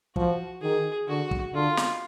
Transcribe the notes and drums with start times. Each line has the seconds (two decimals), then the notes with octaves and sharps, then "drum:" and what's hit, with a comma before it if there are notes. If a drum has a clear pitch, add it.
0.16 F3 F#4, drum: kick
0.61 D#3 G#4
1.08 D3 F#4
1.31 drum: kick
1.54 D3 F4
1.77 drum: snare